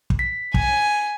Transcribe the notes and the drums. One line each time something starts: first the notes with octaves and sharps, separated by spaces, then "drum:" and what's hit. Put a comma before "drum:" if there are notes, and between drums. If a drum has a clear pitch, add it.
drum: kick
B6
G#5, drum: kick